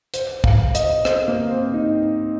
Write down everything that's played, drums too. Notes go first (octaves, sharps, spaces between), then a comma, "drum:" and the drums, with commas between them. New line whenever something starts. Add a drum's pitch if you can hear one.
C5, drum: hi-hat
F5, drum: kick
D#5, drum: hi-hat
C5, drum: rim click
A#3
C4
D#4